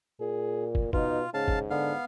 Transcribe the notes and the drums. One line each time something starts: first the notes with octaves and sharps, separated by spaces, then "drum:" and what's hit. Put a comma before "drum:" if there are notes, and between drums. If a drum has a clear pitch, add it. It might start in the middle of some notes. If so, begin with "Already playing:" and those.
A#2 G#4
drum: kick
B2 D#4 F4, drum: kick
G#2 C#3 F5 A5
drum: kick
D3 B3 F5